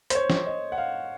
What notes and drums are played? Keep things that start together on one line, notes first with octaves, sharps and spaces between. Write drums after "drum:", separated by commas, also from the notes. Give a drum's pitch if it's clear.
C5, drum: hi-hat
C#5
drum: snare
D#5
F#5
F5